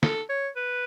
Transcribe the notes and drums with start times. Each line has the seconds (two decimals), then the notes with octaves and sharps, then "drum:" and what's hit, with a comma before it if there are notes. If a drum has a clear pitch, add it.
0.03 A4, drum: snare
0.30 C#5
0.56 B4